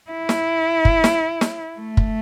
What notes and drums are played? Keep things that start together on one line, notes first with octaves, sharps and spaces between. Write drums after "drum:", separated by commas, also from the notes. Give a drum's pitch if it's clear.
E4
drum: snare
drum: kick F#1
drum: snare
drum: snare
A3
drum: kick F#1